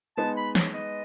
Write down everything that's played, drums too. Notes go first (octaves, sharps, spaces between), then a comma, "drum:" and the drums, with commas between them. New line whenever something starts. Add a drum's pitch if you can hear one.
G#3 B3 D#4 A5
B5
C#5, drum: snare
D#5